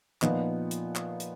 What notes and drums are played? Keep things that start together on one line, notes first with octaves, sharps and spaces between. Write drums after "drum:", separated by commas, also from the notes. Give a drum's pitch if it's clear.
A#2 F3 B3 D#4, drum: clap
drum: hi-hat
drum: clap
drum: hi-hat